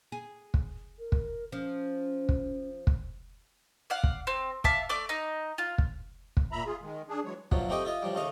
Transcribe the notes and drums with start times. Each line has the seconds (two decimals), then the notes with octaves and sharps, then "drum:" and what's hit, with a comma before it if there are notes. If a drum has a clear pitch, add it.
0.12 G#4
0.54 drum: kick
0.99 A#4
1.12 drum: kick
1.52 F3 C#4
2.29 drum: kick
2.87 drum: kick
3.90 D5 F5 F#5
4.04 drum: kick
4.27 C4
4.64 E5 F5 A5 D6, drum: kick
4.89 A3 D5 D6
5.09 D#4
5.58 F4
5.78 drum: kick
6.37 drum: kick
6.52 A#2 E5 A#5 B5
6.66 F4 G#4
6.82 D#3 G#3
7.09 D4 G#4
7.25 E3 F#3 G#3 C#5
7.51 B1 F#2 A#2 F3 F#3, drum: kick
7.70 A3 C4 G4 D#5
7.85 E4 F4 D#5
8.03 A2 F3 G3
8.15 D#2 C#3 A3 D#5 F5